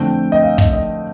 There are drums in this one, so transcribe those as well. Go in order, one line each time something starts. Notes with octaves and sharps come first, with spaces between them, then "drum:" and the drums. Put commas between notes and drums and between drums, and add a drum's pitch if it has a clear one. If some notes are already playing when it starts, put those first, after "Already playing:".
Already playing: F2 D3 A3 C4 G5
D#5
F5
D#5, drum: kick
D#5